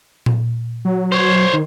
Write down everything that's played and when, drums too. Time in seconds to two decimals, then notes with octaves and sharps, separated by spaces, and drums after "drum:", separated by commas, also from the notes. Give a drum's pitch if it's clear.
0.26 drum: tom A#2
0.85 F#3
1.12 C5 C#5
1.53 D#3